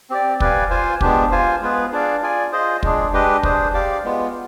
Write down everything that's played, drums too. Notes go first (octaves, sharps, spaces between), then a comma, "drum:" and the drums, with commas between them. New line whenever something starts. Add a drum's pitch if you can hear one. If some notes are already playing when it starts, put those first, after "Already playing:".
C4 G4 D5
G4 B4 D5 F5 G#5, drum: kick
F4 C5 F5 G#5
G#3 B3 D4 G4, drum: kick
F4 C5 F5 G#5
G#3 B3 F4 G#4 B4
D4 G#4 D5 F5
F4 G#4 D5 G#5
F4 G#4 C5 D#5
G#3 D4 G#4, drum: kick
G#3 D4 G4 B4 D#5
D4 G#4 C5, drum: kick
G4 D5 F5
G#3 B3 F4